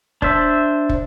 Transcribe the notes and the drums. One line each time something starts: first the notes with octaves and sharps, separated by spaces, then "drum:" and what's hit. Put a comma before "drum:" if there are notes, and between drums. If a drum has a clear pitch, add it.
D4 C5 E5, drum: kick
drum: kick